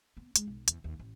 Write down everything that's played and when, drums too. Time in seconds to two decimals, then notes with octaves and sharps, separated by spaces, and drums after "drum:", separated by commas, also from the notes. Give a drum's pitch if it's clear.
0.17 B3
0.36 G#3, drum: hi-hat
0.47 B1
0.68 E2, drum: hi-hat
0.84 D#2
0.99 A1